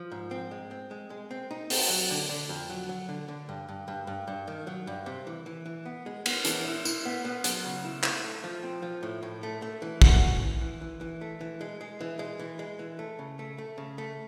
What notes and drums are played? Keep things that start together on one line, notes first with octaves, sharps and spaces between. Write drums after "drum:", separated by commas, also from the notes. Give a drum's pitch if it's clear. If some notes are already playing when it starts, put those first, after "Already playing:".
Already playing: F3
G#2
C4
G#3
C4
G#3
G#3
C4
D#4
C4, drum: open hi-hat
F#3
D3
D3
F2
F#3
F#3
D3
D3
G2
G2
G2
G2
G2
D#3
F#3
G2
C3
E3
E3
E3
B3
G#3
B3, drum: cymbal
E3, drum: hi-hat
E4
E4, drum: tambourine
B3
B3
F#3, drum: hi-hat
C#3
E4
E4, drum: clap
A3
F3
C4
F3
A2
A2
A3
A3
E3
F#4, drum: kick
C#4
E3
E3
E3
E3
A3
E3
G#3
G#3
E3
G#3
E3
G#3
E3
A3
C#3
A3
A3
C#3
A3